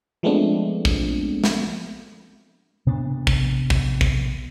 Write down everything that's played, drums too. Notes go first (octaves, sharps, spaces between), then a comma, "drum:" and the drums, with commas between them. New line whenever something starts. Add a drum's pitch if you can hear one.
F3 G#3 A3 B3 C4 D4
drum: kick
drum: snare
C3 B3 D4
drum: kick
drum: kick
drum: kick